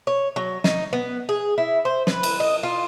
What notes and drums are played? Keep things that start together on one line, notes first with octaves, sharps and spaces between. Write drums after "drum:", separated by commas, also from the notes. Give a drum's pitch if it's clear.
C#5
F#3
D#4, drum: snare
B3
G#4
E4
C5
B4, drum: snare
drum: cymbal
D#5
F4